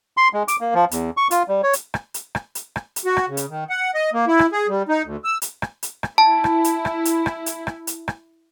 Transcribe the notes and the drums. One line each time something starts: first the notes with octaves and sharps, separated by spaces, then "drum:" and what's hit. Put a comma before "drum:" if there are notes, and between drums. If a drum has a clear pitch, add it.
C6
G#3
D6, drum: hi-hat
A#3
F3
E2, drum: hi-hat
C#6
F4, drum: hi-hat
G3
C#5
drum: hi-hat
drum: rim click
drum: hi-hat
drum: rim click
drum: hi-hat
drum: rim click
drum: hi-hat
F#4
drum: rim click
C#3
drum: hi-hat
D#3
F#5
D#5
A#3
E4
drum: rim click
G#4
G3
D#4
D2
E6
drum: hi-hat
drum: rim click
drum: hi-hat
drum: rim click
E4 A5
drum: rim click
drum: hi-hat
drum: rim click
drum: hi-hat
drum: rim click
drum: hi-hat
drum: rim click
drum: hi-hat
drum: rim click